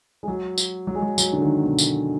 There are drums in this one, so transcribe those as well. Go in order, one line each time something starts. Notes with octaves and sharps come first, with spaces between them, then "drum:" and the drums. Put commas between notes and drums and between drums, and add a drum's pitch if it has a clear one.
G#3
F#3
drum: tambourine
F#3
G#3
F#3
F#3, drum: tambourine
D3
D#3
B2
drum: tambourine